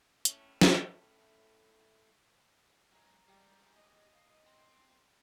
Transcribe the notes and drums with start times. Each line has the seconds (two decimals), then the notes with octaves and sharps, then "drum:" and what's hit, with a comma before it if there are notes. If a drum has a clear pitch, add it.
0.25 A2 A3 C#4, drum: hi-hat
0.61 drum: snare
2.92 F#3 G#3 A#5
3.27 G3 G#3 G4
3.77 D#5
4.13 F5
4.46 C4 C6